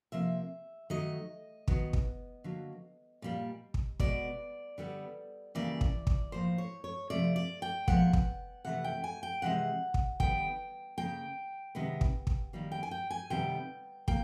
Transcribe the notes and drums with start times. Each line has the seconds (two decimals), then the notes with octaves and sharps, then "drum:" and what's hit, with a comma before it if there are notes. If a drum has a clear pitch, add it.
0.12 C3 F3 A#3 E5
0.90 D#3 F#3 A3 D#5
1.68 D#3 F#3 B3, drum: kick
1.93 drum: kick
2.44 D3 F#3 A#3
3.22 A#2 G3 A#3
3.74 drum: kick
4.00 B2 G#3 B3 D5, drum: kick
4.78 D3 G3 B3
5.55 C#3 E3 G3 A#3 D5
5.81 drum: kick
6.07 drum: kick
6.32 A2 F3 A#3 C5
6.58 C#5
6.84 C#5
7.10 C3 F3 A3 D5
7.36 D5
7.62 G5
7.88 A#2 F3 G#3 B3 F#5, drum: kick
8.13 drum: kick
8.65 C3 E3 A3 F#5
8.84 G5
9.04 G#5
9.23 G5
9.42 C3 E3 G#3 F#5
9.94 drum: kick
10.20 D#3 G3 B3 G5, drum: kick
10.98 C#3 F#3 A#3 G5
11.75 C3 D#3 G#3 B3
12.01 drum: kick
12.27 drum: kick
12.53 D#3 G3 A#3
12.72 G5
12.83 G#5
12.91 G5
13.10 G#5
13.30 C3 D#3 G3 B3 G5
14.08 A#3 G5, drum: kick